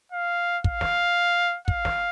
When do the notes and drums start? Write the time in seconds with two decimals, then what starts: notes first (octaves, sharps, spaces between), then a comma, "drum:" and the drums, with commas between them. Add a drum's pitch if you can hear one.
0.12 F5
0.64 F5, drum: kick
0.81 drum: snare
1.68 F5, drum: kick
1.85 drum: snare